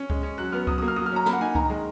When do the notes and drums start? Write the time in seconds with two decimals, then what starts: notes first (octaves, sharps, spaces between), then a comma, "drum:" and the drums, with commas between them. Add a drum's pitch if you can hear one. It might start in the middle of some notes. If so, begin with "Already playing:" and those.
Already playing: C#4
0.10 G#3, drum: kick C#2
0.23 C#4
0.38 F#3 F#6
0.52 B3 F6
0.67 F#3 D#6, drum: kick C#2
0.78 D#6
0.82 A#3
0.88 F6
0.96 F#3 D#6
1.06 F6
1.12 C#4 A#5
1.26 A#3 B5, drum: snare
1.33 F#5
1.41 D#4 G#5
1.55 D#3 A#5, drum: kick C#2
1.70 G#3